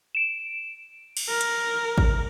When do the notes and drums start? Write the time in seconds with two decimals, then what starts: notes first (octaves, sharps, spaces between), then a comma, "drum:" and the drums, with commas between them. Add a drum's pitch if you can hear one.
0.15 D7 E7
1.17 drum: cymbal
1.28 A#4
1.41 drum: hi-hat
1.98 drum: kick